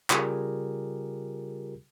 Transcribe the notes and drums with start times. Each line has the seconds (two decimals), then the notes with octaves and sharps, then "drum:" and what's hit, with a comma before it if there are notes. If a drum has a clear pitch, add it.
0.10 C#3 G3 F4 G4 G#4 A#4, drum: clap